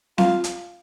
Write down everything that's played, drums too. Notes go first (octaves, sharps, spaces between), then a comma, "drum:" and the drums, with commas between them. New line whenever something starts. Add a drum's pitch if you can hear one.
F4, drum: snare C4
drum: hi-hat